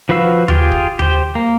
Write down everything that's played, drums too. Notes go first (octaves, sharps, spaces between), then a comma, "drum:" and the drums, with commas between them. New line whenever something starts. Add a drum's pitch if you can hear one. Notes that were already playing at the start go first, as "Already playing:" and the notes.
F3 F#4 B4 F5 E6
F4 G4 G#4, drum: tom D#2
drum: kick
G4 C5, drum: tom D#2
A#3